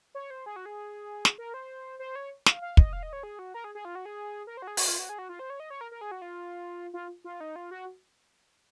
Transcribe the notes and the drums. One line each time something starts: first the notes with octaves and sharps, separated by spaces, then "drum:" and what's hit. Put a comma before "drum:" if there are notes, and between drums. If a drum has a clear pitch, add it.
C#5
C5
G#4
F#4
G#4
drum: snare
A#4
C5
C5
C#5
F5, drum: snare
F5
D#5, drum: kick
F5
D#5
C#5
G#4
F#4
A#4
G#4
G#4
F4
F#4
G#4
A#4
C5
F#4
G#4
F#4, drum: open hi-hat
F4
F#4
G#4
F#4
F4
C5
C#5
D#5
C#5
A#4
A#4
G#4
F#4
F4
F4
F4
D#4
F4
F#4